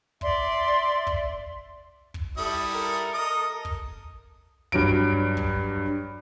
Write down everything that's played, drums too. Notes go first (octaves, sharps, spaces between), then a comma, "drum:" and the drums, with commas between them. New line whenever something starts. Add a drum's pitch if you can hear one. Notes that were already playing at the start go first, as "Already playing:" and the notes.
D5 E5 C6, drum: kick
drum: kick
drum: kick
G3 E4 A4 D#6
A4 A#4
D#5 D#6
drum: kick
G2 F#3 D7, drum: kick
drum: kick